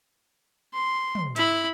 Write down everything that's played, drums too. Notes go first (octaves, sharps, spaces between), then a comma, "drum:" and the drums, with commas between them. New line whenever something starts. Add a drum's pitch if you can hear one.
C6
drum: tom
E4 B5, drum: hi-hat